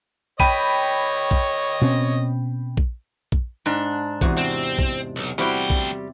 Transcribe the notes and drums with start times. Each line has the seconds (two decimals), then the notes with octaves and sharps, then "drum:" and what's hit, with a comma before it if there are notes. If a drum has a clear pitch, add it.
0.40 C#5 D#5 G5 B5 D#7, drum: kick A#1
1.31 drum: kick A#1
1.82 B2 C4 C#4
2.77 drum: kick A#1
3.32 drum: kick A#1
3.66 G#2 D4
4.21 E2 C3 F#4, drum: kick A#1
4.37 C3 C4
4.79 drum: kick A#1
5.16 B1
5.38 D2 G3 C4 E4 F#4 G5
5.70 drum: kick A#1